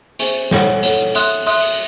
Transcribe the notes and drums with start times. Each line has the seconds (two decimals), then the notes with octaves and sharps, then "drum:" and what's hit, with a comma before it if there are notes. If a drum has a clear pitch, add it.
0.19 G#4 C5 E5 G#5 C#6, drum: hi-hat
0.51 A4 C#5 F#5, drum: snare
0.83 A4 C#5 F#5, drum: hi-hat
1.15 E5 C6 D#6 F#6, drum: hi-hat
1.46 E5 C6 D#6 F#6, drum: open hi-hat